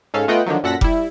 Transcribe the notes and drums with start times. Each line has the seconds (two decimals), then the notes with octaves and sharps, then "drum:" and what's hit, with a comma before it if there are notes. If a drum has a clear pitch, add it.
0.14 G#2 C#4 A4 F5
0.28 A3 B3 F4 D#5 F#5 G5
0.46 D3 D#3 F3 F#3
0.63 F#2 A#2 A4 F#5 A#6 B6
0.81 G3 E4, drum: kick F1